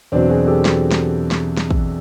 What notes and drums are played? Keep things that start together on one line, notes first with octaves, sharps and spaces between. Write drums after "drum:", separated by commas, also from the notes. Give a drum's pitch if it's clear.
E2 B2 F#3 C4 D4
F#4 G#4
G4 A4
drum: snare
drum: snare
drum: snare
drum: snare
drum: kick